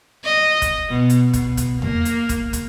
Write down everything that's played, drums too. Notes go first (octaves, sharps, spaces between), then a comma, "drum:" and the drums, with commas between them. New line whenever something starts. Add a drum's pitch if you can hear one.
D#5
drum: kick, hi-hat
B2
drum: hi-hat
B2, drum: kick, hi-hat
drum: kick, hi-hat
A#3, drum: tom E2
drum: hi-hat
drum: kick, hi-hat
drum: kick, hi-hat